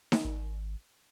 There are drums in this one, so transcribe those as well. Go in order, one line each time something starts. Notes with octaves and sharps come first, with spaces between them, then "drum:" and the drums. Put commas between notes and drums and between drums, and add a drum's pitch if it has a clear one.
drum: snare D#4
G#1